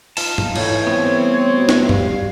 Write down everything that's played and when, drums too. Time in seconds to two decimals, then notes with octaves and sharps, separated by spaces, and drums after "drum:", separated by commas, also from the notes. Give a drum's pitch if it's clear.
0.17 D#4 F4 A5, drum: open hi-hat
0.38 drum: tom G#2
0.56 A2 E3 C#5, drum: cymbal
0.87 G3 A3 B3 C4
1.56 B2
1.69 drum: snare
1.89 G3 F5, drum: tom G2